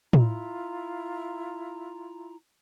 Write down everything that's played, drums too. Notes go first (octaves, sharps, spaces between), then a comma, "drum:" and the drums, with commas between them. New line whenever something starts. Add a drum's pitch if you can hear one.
E4 F4 A#5, drum: tom